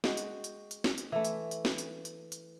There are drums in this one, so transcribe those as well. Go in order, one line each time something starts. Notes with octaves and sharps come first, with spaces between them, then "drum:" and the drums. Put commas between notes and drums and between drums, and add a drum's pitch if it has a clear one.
G#3 F#4 G5, drum: snare
drum: hi-hat
drum: hi-hat
drum: hi-hat
drum: snare
drum: hi-hat
E3 A3
drum: hi-hat
drum: hi-hat
drum: snare
drum: hi-hat
drum: hi-hat
drum: hi-hat